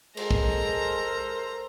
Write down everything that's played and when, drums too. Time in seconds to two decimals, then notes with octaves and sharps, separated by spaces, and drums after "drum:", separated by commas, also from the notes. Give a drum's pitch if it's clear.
0.17 G#3 A4 A#4 C5 A#5, drum: cymbal
0.31 drum: kick